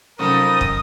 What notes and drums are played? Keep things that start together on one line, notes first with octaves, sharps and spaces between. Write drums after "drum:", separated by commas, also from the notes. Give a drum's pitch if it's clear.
F2 C3 F#3 A3 C#4 D#4 A#4 D#6
drum: kick